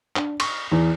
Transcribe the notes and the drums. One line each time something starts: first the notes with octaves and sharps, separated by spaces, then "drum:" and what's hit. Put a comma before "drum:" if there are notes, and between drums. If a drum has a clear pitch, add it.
D4, drum: clap
C#6, drum: cymbal
E2